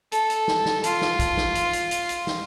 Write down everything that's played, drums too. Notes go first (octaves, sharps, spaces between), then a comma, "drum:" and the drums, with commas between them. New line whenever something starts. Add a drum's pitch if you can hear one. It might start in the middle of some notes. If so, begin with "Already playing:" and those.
A4, drum: hi-hat
drum: hi-hat
drum: snare
drum: snare
F4, drum: hi-hat
drum: snare
drum: kick, hi-hat
drum: snare
drum: hi-hat
drum: hi-hat
drum: hi-hat
drum: hi-hat
drum: snare